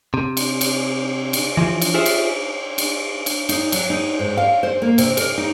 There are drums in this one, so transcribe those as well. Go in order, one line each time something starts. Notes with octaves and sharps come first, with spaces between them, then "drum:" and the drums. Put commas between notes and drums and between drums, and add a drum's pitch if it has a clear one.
C3
drum: cymbal
drum: cymbal
drum: cymbal
E3 F3
drum: cymbal
F4 G4 G#4 C5 E5
drum: cymbal
drum: cymbal
drum: cymbal
D#4, drum: cymbal
F#3, drum: cymbal
D#4
G#2
F5
C5
A#3
C3, drum: cymbal
A#4, drum: cymbal
D#4